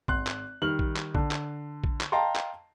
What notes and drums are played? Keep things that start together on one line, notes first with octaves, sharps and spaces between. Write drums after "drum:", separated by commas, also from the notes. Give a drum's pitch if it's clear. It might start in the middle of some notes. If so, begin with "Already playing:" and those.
G#1 C6 F#6, drum: kick A#1
drum: clap
D#3 G3 F6 F#7
drum: kick A#1
drum: clap
D3, drum: kick A#1
drum: clap
drum: kick A#1
drum: clap
D#5 F5 G5 A5 A#5 C6
drum: clap